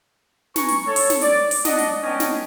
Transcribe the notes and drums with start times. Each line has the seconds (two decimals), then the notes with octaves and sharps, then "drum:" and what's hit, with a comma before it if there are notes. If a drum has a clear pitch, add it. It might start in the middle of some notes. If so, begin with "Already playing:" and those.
0.56 B4 G#5 A#5 C#6, drum: snare
0.68 drum: hi-hat
0.87 A4 C#5
0.96 drum: open hi-hat
1.10 drum: snare
1.21 D5, drum: hi-hat
1.51 drum: open hi-hat
1.65 D4 D#5 F#5, drum: snare
1.79 drum: hi-hat
2.03 G#3 B3 C#4 D4 D#5 G5
2.20 drum: snare